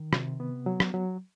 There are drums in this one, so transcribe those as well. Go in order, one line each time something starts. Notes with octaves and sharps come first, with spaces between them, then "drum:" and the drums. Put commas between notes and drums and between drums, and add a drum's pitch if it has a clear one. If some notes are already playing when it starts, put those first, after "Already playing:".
Already playing: D#3
C3, drum: rim click
B3
F#3
drum: rim click
F#3